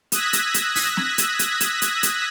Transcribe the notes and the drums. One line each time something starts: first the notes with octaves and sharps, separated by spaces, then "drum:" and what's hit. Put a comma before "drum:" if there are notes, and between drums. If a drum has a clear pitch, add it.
D#6 E6 F#6 G#6 A#6 B6, drum: hi-hat
drum: hi-hat
drum: hi-hat
drum: open hi-hat
drum: snare
drum: hi-hat
drum: hi-hat
drum: hi-hat
drum: hi-hat
drum: hi-hat